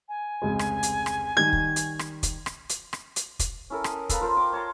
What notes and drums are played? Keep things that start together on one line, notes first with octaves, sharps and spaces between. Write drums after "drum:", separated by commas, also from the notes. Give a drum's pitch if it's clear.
G#5
F1 C#2 G#3
drum: rim click
drum: hi-hat
drum: rim click
D#3 G3 G#6
drum: kick
drum: hi-hat
drum: rim click
drum: kick, hi-hat
drum: rim click
drum: hi-hat
drum: rim click
drum: hi-hat
drum: kick, hi-hat
C#4 E4 A4 A#4
D#6, drum: rim click
A4 B4 F5 A#5, drum: kick, hi-hat
F4 A#4 C5
G5 A#5 D6
C#5 A5 A#5 C6